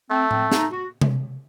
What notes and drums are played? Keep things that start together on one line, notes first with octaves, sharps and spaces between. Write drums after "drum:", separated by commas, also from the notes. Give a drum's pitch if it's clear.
A3 C4
C4, drum: tom A2
D#4, drum: snare
F#4
drum: tom C3